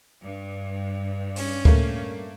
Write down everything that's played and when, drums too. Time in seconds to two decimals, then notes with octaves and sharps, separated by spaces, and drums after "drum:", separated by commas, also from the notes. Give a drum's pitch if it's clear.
0.23 G2
1.36 C#4, drum: open hi-hat
1.65 A3 A#3, drum: kick D2